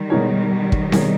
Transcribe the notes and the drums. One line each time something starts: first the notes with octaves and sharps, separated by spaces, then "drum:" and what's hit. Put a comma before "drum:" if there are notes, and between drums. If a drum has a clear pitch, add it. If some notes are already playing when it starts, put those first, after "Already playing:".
Already playing: D#3 G3
B2 G#3 D#4 A#4 C#5
drum: kick
B2 G#3 D#4 A#4 C#5, drum: snare C4